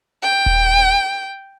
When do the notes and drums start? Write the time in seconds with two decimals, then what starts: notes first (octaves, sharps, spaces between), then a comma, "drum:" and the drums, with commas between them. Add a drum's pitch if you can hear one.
0.23 G5
0.46 drum: kick D#1